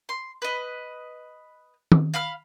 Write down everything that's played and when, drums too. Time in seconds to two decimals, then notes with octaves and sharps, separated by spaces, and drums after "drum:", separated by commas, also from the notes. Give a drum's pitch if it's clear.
0.09 C6
0.42 B4 D#5
1.92 drum: tom
2.14 F5 B5 F6